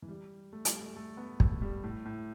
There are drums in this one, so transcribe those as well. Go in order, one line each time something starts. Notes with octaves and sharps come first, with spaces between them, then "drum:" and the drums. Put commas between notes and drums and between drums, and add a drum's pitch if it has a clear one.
E3
G3
A3
G3, drum: hi-hat
A3
A3
B3
A3, drum: kick
G3
A2
A2